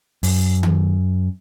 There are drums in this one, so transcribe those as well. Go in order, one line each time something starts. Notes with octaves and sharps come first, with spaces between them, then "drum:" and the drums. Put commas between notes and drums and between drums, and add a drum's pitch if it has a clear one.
F#2, drum: open hi-hat
drum: tom D#3